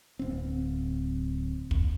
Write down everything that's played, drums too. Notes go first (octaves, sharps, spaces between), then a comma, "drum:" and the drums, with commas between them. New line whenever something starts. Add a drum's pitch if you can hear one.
D1 C4
drum: kick